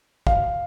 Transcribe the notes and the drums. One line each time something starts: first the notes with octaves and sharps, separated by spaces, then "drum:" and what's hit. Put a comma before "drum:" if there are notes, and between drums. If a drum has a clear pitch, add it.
F5, drum: kick